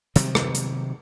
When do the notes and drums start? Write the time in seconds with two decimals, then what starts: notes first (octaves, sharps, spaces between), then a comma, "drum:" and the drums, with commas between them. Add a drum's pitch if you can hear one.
0.16 C3 D#3 F#3 G3, drum: hi-hat
0.35 drum: rim click
0.55 drum: hi-hat